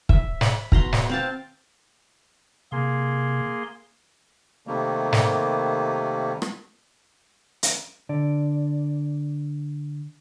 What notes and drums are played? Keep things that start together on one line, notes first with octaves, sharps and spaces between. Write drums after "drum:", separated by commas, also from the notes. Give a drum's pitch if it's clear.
E5, drum: kick
B5, drum: snare
B2 A#5 C6, drum: kick
drum: snare
C4 F5 A5
C3 A#3 G#4 C6
C3 D#3 G3 A3 A#3
drum: snare
drum: rim click
drum: hi-hat
D3 D5